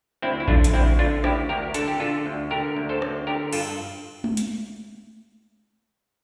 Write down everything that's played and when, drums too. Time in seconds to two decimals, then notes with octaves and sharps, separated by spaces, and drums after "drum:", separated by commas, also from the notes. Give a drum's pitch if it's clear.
0.22 D2 C4 E4
0.40 E4
0.48 D3 D4 F4, drum: kick A#1
0.64 drum: hi-hat
0.74 D2 C4 E4
0.99 D3 D4 F4
1.24 D2 E4 G4, drum: rim click
1.49 D2 G4 A#4
1.74 D3 A4, drum: hi-hat
1.88 G4
2.00 D3 F4 A4
2.26 D2
2.51 D3 G4 A#4
2.77 D2
2.89 A4 C5
3.02 D2, drum: rim click
3.27 D3 G4 A#4
3.53 G2 F4 A4, drum: cymbal
4.24 drum: tom G#3
4.37 drum: hi-hat